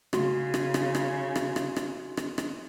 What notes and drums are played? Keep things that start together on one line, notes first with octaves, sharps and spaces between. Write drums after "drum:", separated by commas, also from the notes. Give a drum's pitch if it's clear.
C#3 F#4 C6, drum: rim click
drum: rim click
drum: rim click
drum: rim click
drum: rim click
drum: rim click
drum: rim click
drum: rim click
drum: rim click